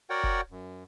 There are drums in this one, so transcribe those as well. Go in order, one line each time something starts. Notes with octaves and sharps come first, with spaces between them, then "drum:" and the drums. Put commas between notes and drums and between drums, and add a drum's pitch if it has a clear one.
F#4 A#4 C#5 D5 F#5 G5
drum: kick F1
F#2